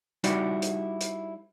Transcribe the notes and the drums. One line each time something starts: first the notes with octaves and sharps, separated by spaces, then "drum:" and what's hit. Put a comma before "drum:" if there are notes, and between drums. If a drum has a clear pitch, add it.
G3 D#4 E4 F#4 D5, drum: hi-hat
drum: hi-hat
drum: hi-hat